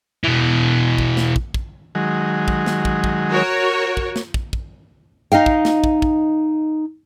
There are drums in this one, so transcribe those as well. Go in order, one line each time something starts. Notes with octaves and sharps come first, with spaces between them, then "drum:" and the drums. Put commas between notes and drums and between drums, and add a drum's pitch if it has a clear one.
B2 E3
drum: kick
drum: snare
drum: kick
drum: kick
D#3 F#3 G#3
drum: kick
drum: snare
drum: kick
drum: kick
F#4 A#4 C#5
drum: kick
drum: snare
drum: kick
drum: kick
D#4 D#5 F5 G5
drum: kick
drum: snare
drum: kick
drum: kick